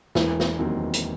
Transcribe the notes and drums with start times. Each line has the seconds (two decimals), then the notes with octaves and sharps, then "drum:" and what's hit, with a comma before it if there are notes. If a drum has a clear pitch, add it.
0.15 E1 E3, drum: snare
0.40 drum: snare
0.59 D#2 D#3 F#3 C4
0.93 drum: hi-hat